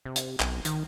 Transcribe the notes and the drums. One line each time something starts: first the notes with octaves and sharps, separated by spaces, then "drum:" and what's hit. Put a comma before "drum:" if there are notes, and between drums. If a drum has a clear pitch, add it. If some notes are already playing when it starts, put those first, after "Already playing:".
C3
drum: hi-hat
B1, drum: clap
D#3, drum: hi-hat